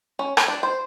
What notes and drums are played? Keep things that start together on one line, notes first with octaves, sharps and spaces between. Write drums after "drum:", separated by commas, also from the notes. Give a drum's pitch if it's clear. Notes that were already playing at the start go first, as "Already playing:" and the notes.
C#4
G4, drum: rim click
D4
C5